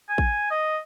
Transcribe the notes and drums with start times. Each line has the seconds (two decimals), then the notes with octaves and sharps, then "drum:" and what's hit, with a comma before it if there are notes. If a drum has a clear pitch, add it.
0.09 G#5
0.18 drum: kick A1
0.51 D#5